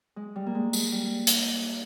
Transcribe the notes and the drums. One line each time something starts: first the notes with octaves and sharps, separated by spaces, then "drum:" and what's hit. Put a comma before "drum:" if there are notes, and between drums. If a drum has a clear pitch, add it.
G#3
G3
A#3
G#3
G#3, drum: tambourine
G3
drum: hi-hat